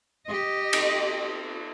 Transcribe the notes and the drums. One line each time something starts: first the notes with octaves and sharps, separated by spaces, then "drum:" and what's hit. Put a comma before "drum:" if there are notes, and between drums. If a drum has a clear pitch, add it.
G4 D#5
drum: cymbal